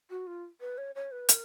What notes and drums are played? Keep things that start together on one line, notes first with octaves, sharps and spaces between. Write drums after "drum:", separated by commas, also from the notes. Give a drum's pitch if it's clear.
F#4
F4
B4
C#5
C#5
B4
A#4, drum: hi-hat